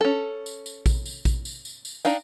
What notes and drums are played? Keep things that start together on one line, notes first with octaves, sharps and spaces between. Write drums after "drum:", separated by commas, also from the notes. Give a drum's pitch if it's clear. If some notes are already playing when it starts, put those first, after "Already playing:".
C#4 A4
drum: tambourine
drum: tambourine
drum: kick A#1, tambourine
drum: tambourine
drum: kick A#1, tambourine
drum: tambourine
drum: tambourine
drum: tambourine
D4 D#4 F5 G5, drum: tambourine